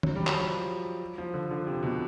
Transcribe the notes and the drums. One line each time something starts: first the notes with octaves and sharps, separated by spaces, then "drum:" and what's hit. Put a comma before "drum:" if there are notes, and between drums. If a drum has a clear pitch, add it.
F#3, drum: tom
G3
F#3, drum: clap
F3
F3
D3
D3
C3
B2